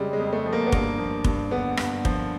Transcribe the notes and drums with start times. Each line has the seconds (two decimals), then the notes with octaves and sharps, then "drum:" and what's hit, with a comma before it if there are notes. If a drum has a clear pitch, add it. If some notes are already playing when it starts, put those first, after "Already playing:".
Already playing: F2 C#3 G3 G#3
0.13 G#3
0.19 F2
0.33 A3
0.46 F3
0.53 A#3
0.66 B3
0.72 G2 A#3, drum: kick
0.98 F3
1.24 G2, drum: kick
1.51 D3 B3
1.77 G2, drum: rim click
2.05 F3, drum: kick